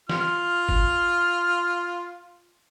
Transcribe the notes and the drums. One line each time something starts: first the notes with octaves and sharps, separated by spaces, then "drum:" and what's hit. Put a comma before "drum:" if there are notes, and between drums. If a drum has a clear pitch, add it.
F4 F6, drum: snare
drum: kick